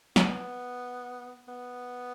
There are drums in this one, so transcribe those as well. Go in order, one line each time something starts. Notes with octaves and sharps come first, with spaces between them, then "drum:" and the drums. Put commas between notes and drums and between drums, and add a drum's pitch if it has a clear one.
B3, drum: snare
B3